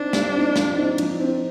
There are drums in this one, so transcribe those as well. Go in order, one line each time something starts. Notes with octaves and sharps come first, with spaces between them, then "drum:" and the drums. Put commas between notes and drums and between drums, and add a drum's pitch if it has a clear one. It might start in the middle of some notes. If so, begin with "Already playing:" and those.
Already playing: C4 D4 D#4
G3, drum: snare
C4 D#4
F3, drum: snare
C4 D#4
F3, drum: cymbal
C4 D#4